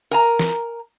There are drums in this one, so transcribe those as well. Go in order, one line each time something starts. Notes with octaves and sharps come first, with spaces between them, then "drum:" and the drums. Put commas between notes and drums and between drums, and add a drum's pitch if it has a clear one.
A#4 G#5 A#5
drum: snare